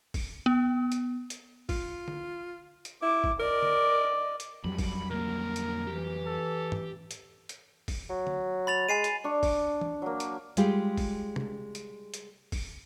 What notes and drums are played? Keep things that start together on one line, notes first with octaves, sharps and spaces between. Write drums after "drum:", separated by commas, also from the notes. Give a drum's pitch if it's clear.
drum: kick, open hi-hat
B3
drum: hi-hat
drum: hi-hat
F4, drum: kick, open hi-hat
drum: tom D3
drum: hi-hat
E4 D6
drum: kick
A#4 D5 D#5
drum: tom D3
drum: hi-hat
F2 F#3 G3 B5
drum: kick, open hi-hat
D3 A#3 A#4
drum: hi-hat
E3 G4
A4
drum: tom
drum: hi-hat
drum: hi-hat
drum: kick, open hi-hat
F#3
drum: tom D3
B5 A6 F7
G#3 G#5 C7 D#7
drum: hi-hat
D4 C#6
drum: kick, open hi-hat
drum: tom E3
F#3 A#3
drum: hi-hat
G3 G#3 F4 G4 G#4, drum: hi-hat
drum: kick, open hi-hat
drum: tom C3
drum: hi-hat
drum: hi-hat
drum: kick, open hi-hat